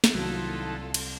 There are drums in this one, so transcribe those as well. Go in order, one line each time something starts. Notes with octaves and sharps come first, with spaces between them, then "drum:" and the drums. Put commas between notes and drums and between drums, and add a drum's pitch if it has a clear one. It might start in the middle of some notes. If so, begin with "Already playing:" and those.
drum: snare
C2 D#3 F#3 E4 F4 A4 F#5
drum: cymbal